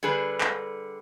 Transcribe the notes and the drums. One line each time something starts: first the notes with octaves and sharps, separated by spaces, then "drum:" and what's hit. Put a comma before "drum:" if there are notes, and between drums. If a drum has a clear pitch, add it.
D3 G3 G#4 B4
drum: clap